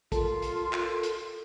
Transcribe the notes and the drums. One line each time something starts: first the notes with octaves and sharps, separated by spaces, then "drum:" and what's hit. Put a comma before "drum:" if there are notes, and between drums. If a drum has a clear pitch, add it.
F4 A4 A#4, drum: kick, hi-hat
drum: hi-hat
drum: clap
drum: hi-hat